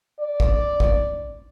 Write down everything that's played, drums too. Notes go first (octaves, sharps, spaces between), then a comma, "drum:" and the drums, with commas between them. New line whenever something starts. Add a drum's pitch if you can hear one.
D5
drum: kick A1
drum: kick A1